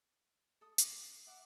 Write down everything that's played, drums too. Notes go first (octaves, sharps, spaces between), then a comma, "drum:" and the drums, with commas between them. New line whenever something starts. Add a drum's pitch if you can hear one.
A4 D#6
D6, drum: hi-hat
E5 F#5 D6